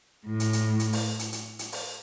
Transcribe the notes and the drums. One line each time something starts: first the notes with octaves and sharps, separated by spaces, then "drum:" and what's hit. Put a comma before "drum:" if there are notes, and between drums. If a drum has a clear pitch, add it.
A2
drum: hi-hat
drum: hi-hat
drum: hi-hat
drum: open hi-hat
drum: hi-hat
drum: hi-hat
drum: hi-hat
drum: open hi-hat